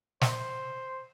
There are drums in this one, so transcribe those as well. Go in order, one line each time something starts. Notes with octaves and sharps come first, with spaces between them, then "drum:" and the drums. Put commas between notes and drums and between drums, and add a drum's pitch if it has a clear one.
C5, drum: snare